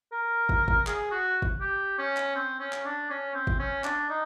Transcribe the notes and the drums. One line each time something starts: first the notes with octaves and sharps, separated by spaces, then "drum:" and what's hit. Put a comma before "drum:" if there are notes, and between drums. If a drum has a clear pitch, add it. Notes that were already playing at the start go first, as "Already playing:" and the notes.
A#4
drum: kick
drum: kick
G#4, drum: clap
F#4
drum: kick
G4
C#4
drum: clap
C4
C#4
drum: clap
D4
C#4
C4
drum: kick
C#4
D4, drum: clap
D#4